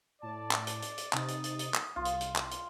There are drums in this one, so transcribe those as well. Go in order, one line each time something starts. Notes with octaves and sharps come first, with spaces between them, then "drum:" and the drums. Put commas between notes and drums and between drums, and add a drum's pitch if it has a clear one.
A2 D5 A5
drum: clap
drum: hi-hat
drum: hi-hat
drum: hi-hat
C3 D#4 D#6 A6, drum: clap
drum: hi-hat
drum: hi-hat
drum: hi-hat
drum: clap
C2 F4
drum: hi-hat
drum: hi-hat
drum: clap
drum: hi-hat